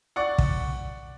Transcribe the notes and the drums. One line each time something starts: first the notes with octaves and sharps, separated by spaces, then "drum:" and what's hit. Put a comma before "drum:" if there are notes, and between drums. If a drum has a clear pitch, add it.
D5 F#5 C#6
drum: kick